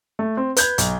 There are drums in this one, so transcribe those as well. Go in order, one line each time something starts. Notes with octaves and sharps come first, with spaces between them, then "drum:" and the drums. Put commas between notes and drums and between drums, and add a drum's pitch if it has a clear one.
A3
C4
B4 G6 G#6, drum: hi-hat
B1, drum: hi-hat